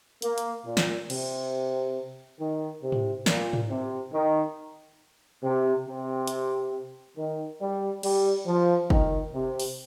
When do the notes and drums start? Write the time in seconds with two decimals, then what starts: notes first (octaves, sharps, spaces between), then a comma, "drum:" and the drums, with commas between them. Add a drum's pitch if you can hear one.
0.22 A#3, drum: hi-hat
0.38 drum: hi-hat
0.66 A#2
0.77 drum: snare
1.10 C3, drum: cymbal
2.40 D#3
2.83 C3
2.92 drum: tom G#2
3.26 A#2, drum: snare
3.53 drum: tom G#2
3.70 C3
4.13 D#3
5.43 C3
5.87 C3
6.27 drum: hi-hat
7.17 D#3
7.61 G3
8.03 G3, drum: cymbal
8.46 F3
8.90 D#3, drum: kick
9.34 C3
9.60 drum: open hi-hat